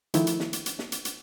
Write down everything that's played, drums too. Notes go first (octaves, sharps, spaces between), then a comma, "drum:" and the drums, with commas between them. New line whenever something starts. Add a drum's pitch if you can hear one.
D#3 F3 A3 E4, drum: hi-hat
drum: hi-hat
drum: snare
drum: hi-hat
drum: hi-hat
drum: snare
drum: hi-hat
drum: hi-hat